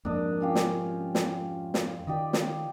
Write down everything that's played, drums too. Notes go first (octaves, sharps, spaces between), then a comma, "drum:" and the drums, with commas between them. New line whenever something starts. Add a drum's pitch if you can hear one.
F2 G#2 A#3 D4 A#4 D#5
C#4 F4 G4
drum: snare
drum: snare
drum: snare
D#3 G4 D5 D#5
drum: snare